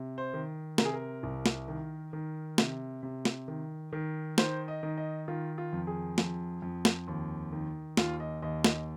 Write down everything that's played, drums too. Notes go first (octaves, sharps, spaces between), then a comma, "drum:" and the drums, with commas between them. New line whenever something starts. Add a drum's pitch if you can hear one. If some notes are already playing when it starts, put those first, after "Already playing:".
Already playing: C3
C5
D#3
C3 A#4, drum: snare
G#4
A#4
C2
drum: snare
D#3
D#3
C3, drum: snare
C3
drum: snare
D#3
D#3
D#3 C5, drum: snare
D#5
D#3
D#5
D#3 F4
F4
F2
G#4
F2, drum: snare
F2
drum: snare
D#2
D#3
D#2 F4, drum: snare
D#5
D#2 D#5
D#5, drum: snare